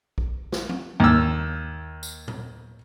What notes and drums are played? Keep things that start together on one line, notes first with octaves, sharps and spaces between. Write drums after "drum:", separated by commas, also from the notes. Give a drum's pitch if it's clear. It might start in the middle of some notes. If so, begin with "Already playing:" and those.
drum: kick
drum: snare
drum: tom F3
D#2 E6
drum: tambourine
drum: tom A2